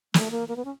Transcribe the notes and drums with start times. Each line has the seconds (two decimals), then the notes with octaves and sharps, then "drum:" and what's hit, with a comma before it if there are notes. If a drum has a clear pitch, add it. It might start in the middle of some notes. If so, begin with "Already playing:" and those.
0.14 A3, drum: snare
0.31 A#3
0.48 A#3
0.56 B3
0.65 C#4